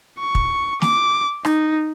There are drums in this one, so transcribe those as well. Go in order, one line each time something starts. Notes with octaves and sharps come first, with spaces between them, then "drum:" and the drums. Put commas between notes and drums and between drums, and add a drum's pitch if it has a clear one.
C#6
drum: kick
D6, drum: snare
D#4, drum: rim click